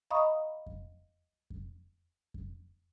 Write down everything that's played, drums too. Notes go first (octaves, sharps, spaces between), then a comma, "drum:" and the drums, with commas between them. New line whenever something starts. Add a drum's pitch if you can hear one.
D#5 F5 A#5 B5 C#6 D#6
drum: kick F2
drum: kick F2
drum: kick F2